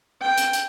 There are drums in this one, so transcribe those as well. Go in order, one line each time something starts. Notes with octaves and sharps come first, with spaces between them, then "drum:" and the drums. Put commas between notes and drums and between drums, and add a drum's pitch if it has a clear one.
G5
drum: hi-hat
drum: hi-hat